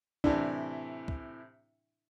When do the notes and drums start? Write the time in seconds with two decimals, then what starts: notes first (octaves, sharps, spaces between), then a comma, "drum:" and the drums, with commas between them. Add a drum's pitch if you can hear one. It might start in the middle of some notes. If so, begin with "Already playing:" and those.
0.24 A2 C3 E3 D4 E4, drum: kick
1.08 drum: kick